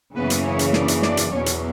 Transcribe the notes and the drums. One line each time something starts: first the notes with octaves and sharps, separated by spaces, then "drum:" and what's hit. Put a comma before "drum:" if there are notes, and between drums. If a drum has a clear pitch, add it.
F#2 C#3 E3 A#3 B3 C#4 B4
drum: hi-hat
C#4 C#5
drum: hi-hat
D4 D5, drum: snare
drum: hi-hat
D4 D5, drum: snare
drum: hi-hat
E2 B2 F#3 C#4 C#5
drum: hi-hat